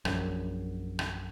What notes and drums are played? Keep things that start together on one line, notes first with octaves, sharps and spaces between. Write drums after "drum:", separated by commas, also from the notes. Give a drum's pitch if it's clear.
A#1 F#2, drum: rim click
drum: rim click